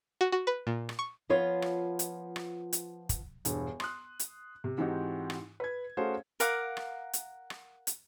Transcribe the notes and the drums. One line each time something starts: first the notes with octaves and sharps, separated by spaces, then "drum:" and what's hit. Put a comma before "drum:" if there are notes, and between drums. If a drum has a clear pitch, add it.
F#4
F#4
B4
A#2
drum: rim click
C#6
F3 B3 F4 C#5
drum: rim click
drum: hi-hat
drum: rim click
drum: hi-hat
drum: kick, hi-hat
E1 G2, drum: hi-hat
C6 D#6 F#6, drum: rim click
drum: hi-hat
C3
G#2 E3 C4 D#4 F#4 G4
drum: rim click
B4 G#6
A3 C#4 F#4 G#4 C5 F5
A#4 F5 F#5 D6, drum: hi-hat
drum: rim click
drum: hi-hat
drum: rim click
drum: hi-hat